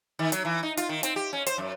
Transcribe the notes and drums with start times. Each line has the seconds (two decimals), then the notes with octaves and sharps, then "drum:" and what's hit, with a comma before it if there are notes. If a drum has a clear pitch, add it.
0.19 D#3
0.32 F#3, drum: hi-hat
0.45 E3
0.63 D#4
0.77 F4, drum: hi-hat
0.89 D#3
1.03 C4, drum: hi-hat
1.16 G4
1.33 C#4
1.46 C5, drum: hi-hat
1.58 F#2